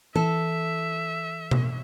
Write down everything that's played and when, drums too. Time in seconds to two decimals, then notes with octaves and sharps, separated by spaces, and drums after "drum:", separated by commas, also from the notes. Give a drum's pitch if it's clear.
0.16 E3 A4 E5
1.51 drum: tom B2